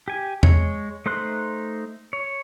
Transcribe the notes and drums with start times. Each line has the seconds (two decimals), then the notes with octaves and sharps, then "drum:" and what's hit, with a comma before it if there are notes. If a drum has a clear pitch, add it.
0.08 G4 G#5
0.43 G#3 C#5, drum: tom E2
1.06 A3 D#4 C5 C6 F#6
2.13 C#5